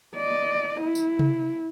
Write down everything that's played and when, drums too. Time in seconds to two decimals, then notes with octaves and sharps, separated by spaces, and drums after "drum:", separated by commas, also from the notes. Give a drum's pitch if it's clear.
0.16 D5 D#5
0.81 E4
0.95 drum: tambourine
1.19 drum: tom C3